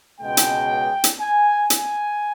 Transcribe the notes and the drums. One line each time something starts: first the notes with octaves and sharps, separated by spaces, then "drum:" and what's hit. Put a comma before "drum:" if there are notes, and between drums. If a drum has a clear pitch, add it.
C#2 B2 G#3 G5
drum: hi-hat
drum: hi-hat
G#5
G#5, drum: hi-hat